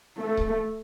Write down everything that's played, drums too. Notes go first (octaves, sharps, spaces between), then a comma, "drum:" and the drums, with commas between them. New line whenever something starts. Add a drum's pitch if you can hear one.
A3
drum: kick C#1